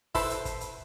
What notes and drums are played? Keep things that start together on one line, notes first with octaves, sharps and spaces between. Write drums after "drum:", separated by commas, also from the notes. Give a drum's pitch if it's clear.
E4 A4 B4 C5, drum: kick, open hi-hat
drum: hi-hat
drum: kick, hi-hat
drum: hi-hat